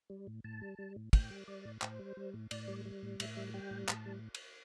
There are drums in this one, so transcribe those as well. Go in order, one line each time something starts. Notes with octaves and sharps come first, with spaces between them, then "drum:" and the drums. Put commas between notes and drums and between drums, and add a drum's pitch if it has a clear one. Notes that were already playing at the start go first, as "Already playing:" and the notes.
G3
A2
A2 A5
G3
G3
A2
A2 G5, drum: kick, cymbal
G3
G3 D5
A2
A2 C5, drum: clap
G3
G3
A2
A2 D5, drum: cymbal
G3
G3
A2
A2 E5, drum: cymbal
G3
G3 G5
A2
A2 A5, drum: clap
G3
drum: cymbal